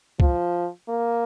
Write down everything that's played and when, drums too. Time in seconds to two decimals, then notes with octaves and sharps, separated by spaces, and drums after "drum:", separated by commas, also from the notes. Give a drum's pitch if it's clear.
0.20 F3, drum: kick
0.88 A#3